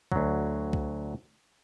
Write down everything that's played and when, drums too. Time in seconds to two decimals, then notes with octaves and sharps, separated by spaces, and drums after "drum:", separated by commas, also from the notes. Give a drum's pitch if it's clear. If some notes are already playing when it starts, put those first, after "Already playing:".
0.12 D2 F#3, drum: kick C2
0.73 drum: kick C2